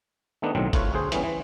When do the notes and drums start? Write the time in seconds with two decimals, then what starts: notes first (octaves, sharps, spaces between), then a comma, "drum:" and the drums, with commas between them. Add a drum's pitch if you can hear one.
0.42 D#3 A3 B3 D4 D#4
0.55 B1 A2 D#3 F#3 C4
0.73 A3 F4 B4 C#5, drum: kick G1, hi-hat
0.94 D2 G#4 C5
1.12 E3 G3 B3 C#4, drum: hi-hat
1.24 E3